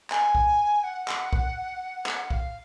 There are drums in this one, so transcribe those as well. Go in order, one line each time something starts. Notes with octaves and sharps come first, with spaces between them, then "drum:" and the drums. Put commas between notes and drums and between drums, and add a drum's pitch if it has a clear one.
G#5, drum: clap
drum: kick B1
F#5
drum: clap
drum: kick B1
drum: clap
F5, drum: kick B1